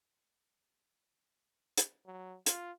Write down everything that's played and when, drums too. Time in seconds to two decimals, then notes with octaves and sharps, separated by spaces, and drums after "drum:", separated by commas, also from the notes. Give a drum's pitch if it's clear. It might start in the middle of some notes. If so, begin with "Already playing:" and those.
1.78 drum: hi-hat
2.06 F#3
2.46 F4, drum: hi-hat